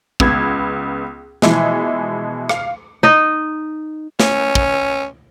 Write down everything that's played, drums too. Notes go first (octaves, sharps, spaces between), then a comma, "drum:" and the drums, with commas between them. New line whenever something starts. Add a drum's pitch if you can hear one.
C#2 B3 G#6, drum: kick
B2 E3 F3 G#3 E4, drum: snare
F5, drum: rim click
D#4 D#5
C#4, drum: snare
drum: kick